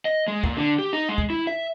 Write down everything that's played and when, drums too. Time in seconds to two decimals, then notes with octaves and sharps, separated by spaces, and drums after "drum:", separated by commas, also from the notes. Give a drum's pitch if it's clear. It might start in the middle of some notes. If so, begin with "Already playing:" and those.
0.05 D#5
0.28 G#3
0.44 A#2, drum: kick
0.57 D3
0.79 G4
0.93 D#4
1.09 G#3
1.18 drum: kick
1.30 E4
1.47 E5